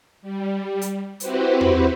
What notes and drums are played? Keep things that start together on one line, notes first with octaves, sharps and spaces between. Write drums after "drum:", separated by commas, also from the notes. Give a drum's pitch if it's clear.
G3
drum: hi-hat
C4 E4 F#4 G4 B4 C5, drum: hi-hat
drum: tom E2